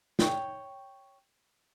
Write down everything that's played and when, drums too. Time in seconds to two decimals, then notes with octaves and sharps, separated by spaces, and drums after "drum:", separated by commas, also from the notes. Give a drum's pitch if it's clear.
0.19 C#5 G5, drum: snare